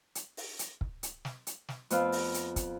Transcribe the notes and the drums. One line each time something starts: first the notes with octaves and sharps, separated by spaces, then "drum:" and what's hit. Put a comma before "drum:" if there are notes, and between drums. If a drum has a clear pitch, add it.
drum: hi-hat
drum: open hi-hat
drum: hi-hat
drum: kick
drum: hi-hat
drum: snare
drum: hi-hat
drum: snare
F2 B3 F5, drum: hi-hat
drum: open hi-hat
drum: hi-hat
drum: kick, hi-hat